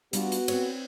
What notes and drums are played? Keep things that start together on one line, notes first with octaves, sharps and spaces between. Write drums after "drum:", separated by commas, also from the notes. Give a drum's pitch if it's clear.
G3 B3 D4 F4 F#4, drum: hi-hat
drum: hi-hat
C4 B4 C#5, drum: cymbal